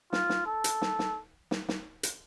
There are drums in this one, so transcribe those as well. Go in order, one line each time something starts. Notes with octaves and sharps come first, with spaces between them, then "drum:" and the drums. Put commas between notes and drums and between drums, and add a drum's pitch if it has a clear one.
F4, drum: snare
drum: snare
A4
drum: hi-hat
drum: snare
drum: snare
drum: snare
drum: snare
drum: hi-hat